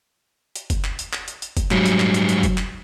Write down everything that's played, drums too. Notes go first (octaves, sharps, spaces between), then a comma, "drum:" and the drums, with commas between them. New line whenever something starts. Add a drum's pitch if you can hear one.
drum: hi-hat
drum: kick, hi-hat
drum: clap
drum: hi-hat
drum: clap
drum: hi-hat
drum: hi-hat
drum: kick, hi-hat
G#2 F#3 G3, drum: clap
drum: hi-hat
drum: clap
drum: hi-hat
drum: hi-hat
drum: kick, hi-hat
drum: clap